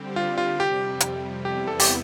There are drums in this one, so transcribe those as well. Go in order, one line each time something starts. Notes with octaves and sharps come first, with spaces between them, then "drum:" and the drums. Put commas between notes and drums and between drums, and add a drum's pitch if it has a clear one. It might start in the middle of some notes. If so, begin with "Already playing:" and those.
Already playing: D3 G3 C4 G4
F4
F4
F2 C3 G3 G4
drum: hi-hat
E2 C3 G3 B3 E4 G4
A4
G4, drum: open hi-hat